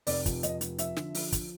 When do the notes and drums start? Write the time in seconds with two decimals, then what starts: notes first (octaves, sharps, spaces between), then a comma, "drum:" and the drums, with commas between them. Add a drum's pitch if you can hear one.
0.07 F1 D5, drum: open hi-hat
0.26 F3, drum: kick, hi-hat
0.43 F1 D#5, drum: hi-hat
0.61 F3, drum: hi-hat
0.78 F3 E5, drum: hi-hat
0.97 D3, drum: snare
1.15 F3, drum: open hi-hat
1.32 drum: kick, hi-hat